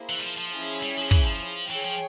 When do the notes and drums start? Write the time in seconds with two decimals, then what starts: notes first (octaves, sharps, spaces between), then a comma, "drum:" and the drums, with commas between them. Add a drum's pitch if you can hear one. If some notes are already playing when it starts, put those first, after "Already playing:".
Already playing: A#3 E4 G#4 C5
0.09 E3
0.19 G3
0.24 F3
0.37 F3
0.52 C#4 E4 G#4 E5
0.82 G3
0.97 F3
1.11 E3, drum: kick
1.26 F3
1.69 E3 G#4 C#5 G5
1.85 F3